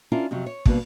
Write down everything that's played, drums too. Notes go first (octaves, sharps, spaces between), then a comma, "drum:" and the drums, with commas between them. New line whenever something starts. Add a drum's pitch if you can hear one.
C#4 D4 E4 F4 A#4
F2 C3 F#3
C#5
G2 B2 A#3 B4, drum: kick